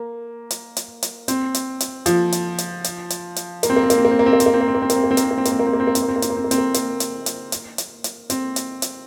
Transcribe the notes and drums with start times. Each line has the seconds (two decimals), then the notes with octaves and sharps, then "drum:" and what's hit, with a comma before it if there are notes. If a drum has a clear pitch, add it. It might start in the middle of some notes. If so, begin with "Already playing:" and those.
Already playing: A#3
0.51 drum: hi-hat
0.77 drum: hi-hat
1.03 drum: hi-hat
1.28 C4, drum: hi-hat
1.54 drum: hi-hat
1.80 drum: hi-hat
2.06 F3, drum: hi-hat
2.32 drum: hi-hat
2.58 drum: hi-hat
2.84 drum: hi-hat
3.10 drum: hi-hat
3.36 drum: hi-hat
3.63 A#3, drum: hi-hat
3.70 C4
3.76 A#3
3.83 C4
3.90 A#3, drum: hi-hat
3.98 C4
4.05 A#3
4.11 C4
4.19 A#3
4.26 C4
4.33 A#3
4.40 C4, drum: hi-hat
4.46 A#3
4.54 C4
4.61 A#3
4.68 C4
4.75 A#3
4.82 C4
4.90 A#3, drum: hi-hat
4.96 C4
5.04 A#3
5.11 C4
5.17 A#3, drum: hi-hat
5.24 C4
5.31 A#3
5.38 C4
5.45 A#3, drum: hi-hat
5.52 C4
5.59 A#3
5.66 C4
5.73 A#3
5.80 C4
5.87 A#3
5.95 C4, drum: hi-hat
6.02 A#3
6.08 C4
6.16 A#3
6.22 C4, drum: hi-hat
6.30 A#3
6.37 C4
6.44 A#3
6.51 C4, drum: hi-hat
6.58 A#3
6.74 A#3, drum: hi-hat
7.00 drum: hi-hat
7.26 drum: hi-hat
7.52 drum: hi-hat
7.78 drum: hi-hat
8.04 drum: hi-hat
8.30 C4, drum: hi-hat
8.56 drum: hi-hat
8.82 drum: hi-hat